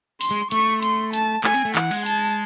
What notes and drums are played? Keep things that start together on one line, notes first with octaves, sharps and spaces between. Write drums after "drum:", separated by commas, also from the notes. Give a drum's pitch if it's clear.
C6, drum: open hi-hat
G#3
A3 C#6, drum: hi-hat
C6, drum: hi-hat
A5, drum: hi-hat
A3 G#5, drum: clap
C4
A3
E3 F#5, drum: clap
G#3
A5, drum: hi-hat